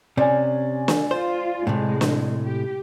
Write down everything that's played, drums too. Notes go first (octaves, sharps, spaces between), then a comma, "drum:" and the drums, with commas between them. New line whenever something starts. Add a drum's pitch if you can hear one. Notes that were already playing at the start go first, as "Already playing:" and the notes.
C3 C#4 D5 G#5
drum: snare
F4 C5
A2 C3 G#3
drum: snare
G4